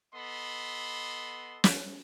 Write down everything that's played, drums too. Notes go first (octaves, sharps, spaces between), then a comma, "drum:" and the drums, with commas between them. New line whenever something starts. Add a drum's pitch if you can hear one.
B3 A4 D#5 B5 C6
drum: snare